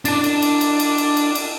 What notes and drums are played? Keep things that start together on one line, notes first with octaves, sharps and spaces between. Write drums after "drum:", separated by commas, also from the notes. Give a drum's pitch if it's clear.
D4 A5, drum: cymbal
drum: cymbal
drum: cymbal
drum: cymbal
drum: cymbal
drum: cymbal
drum: cymbal
drum: cymbal